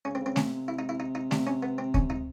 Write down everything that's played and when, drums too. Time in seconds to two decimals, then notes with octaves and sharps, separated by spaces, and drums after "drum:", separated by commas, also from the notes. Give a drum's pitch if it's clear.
0.05 C#3 C#4
0.15 C4
0.21 C#3
0.26 C4
0.36 C3 C#4, drum: snare A3
0.68 E4
0.79 D#4
0.89 E4
1.00 D#4
1.15 D#4
1.31 C3 D4, drum: snare A3
1.47 C#4
1.63 B3
1.78 C4
1.94 C#4, drum: kick D2
2.10 D#4